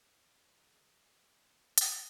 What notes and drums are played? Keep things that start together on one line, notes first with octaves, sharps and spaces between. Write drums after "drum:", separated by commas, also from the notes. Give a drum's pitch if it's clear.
D#4 F#4 G#4 A#4
B3 C#4 E4 D5
drum: hi-hat